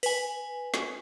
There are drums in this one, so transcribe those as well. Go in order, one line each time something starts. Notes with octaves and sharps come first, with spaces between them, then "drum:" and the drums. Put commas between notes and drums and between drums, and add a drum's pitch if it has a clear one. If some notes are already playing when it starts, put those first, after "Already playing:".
B4 G#5, drum: open hi-hat
drum: snare